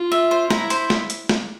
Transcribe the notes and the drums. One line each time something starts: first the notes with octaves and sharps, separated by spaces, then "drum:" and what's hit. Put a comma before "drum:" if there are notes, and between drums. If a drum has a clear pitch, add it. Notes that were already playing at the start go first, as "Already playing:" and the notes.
Already playing: F4
E5
C5
E4 A#5, drum: snare
C5, drum: hi-hat
drum: snare
drum: hi-hat
drum: snare